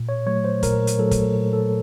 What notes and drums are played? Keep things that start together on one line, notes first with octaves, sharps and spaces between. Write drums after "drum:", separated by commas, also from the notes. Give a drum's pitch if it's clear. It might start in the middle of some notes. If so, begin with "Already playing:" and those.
Already playing: A#2
C#5
F#3 A3 C#5
C5
A#2 A#4, drum: kick, hi-hat
drum: hi-hat
F#3 A3 A4
drum: kick, hi-hat
A#2
A4